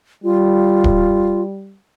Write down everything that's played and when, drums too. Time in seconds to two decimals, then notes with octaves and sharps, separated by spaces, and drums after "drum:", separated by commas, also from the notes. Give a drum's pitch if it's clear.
0.24 G3 F4
0.84 drum: kick D1